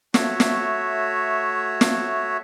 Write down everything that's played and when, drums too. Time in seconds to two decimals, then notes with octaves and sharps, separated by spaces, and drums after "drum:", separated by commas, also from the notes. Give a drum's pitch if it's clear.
0.14 A3 F#4 C#5 E5, drum: snare
0.40 drum: snare
1.81 drum: snare